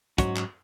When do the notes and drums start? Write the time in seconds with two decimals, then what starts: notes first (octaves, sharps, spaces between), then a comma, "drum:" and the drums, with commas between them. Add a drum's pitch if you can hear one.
0.18 G#2 F#3 C#4 F#4, drum: kick, hi-hat
0.36 drum: clap